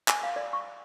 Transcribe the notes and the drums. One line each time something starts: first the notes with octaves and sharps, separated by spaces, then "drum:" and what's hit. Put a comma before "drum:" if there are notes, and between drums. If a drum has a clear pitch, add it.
G#5, drum: clap
F5
D5
C#6